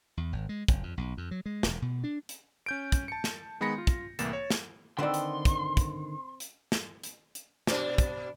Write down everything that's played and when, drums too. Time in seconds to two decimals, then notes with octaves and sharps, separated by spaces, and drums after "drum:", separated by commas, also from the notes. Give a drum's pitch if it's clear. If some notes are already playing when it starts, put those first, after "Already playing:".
0.17 E2
0.33 G#1
0.49 G#3
0.68 F#1, drum: kick, hi-hat
0.83 F2
0.98 B1
1.17 F2
1.31 F#3
1.46 G#3
1.63 E1, drum: snare
1.82 B2
2.04 D4
2.29 drum: hi-hat
2.66 C#4 G6 D7
2.92 drum: kick, hi-hat
3.08 A5 C#7
3.24 drum: snare
3.61 D#3 G#3 B3 B5 A#6 C#7
3.78 F4
3.87 drum: kick, hi-hat
4.19 C2 A2 E3 A#3 A6 E7, drum: hi-hat
4.33 C#5
4.50 drum: snare
4.99 D3 D#3 C4 B4 D5 E5 F#5 C6
5.14 drum: hi-hat
5.45 drum: kick, hi-hat
5.77 drum: kick, hi-hat
6.40 drum: hi-hat
6.72 drum: snare
7.04 drum: hi-hat
7.35 drum: hi-hat
7.67 B2 D4, drum: snare
7.98 drum: kick, hi-hat